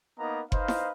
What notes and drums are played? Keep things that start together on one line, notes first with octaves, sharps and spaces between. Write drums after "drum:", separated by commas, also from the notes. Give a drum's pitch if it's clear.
A#3 B3 D#4 A#4 D#5 A#5
D#4 B4 C5 D#5 F5, drum: kick F#1
drum: snare E4